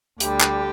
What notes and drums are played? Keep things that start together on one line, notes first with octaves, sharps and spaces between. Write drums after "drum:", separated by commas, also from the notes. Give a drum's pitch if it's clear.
D2 D3 G3 G4, drum: hi-hat
drum: clap